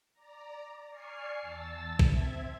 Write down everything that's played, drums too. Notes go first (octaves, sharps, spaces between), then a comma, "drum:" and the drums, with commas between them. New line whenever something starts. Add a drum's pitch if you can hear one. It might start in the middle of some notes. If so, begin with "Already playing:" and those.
D5 A#5
D5 G#5 C#6 F6 C7
E2 A5 E6 A6
C4 E5 G#6, drum: kick A#1